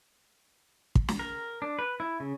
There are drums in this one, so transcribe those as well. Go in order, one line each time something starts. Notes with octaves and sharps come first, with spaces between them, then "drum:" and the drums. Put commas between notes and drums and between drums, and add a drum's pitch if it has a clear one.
drum: kick
drum: snare
A#4
D4
B4
E4
C#3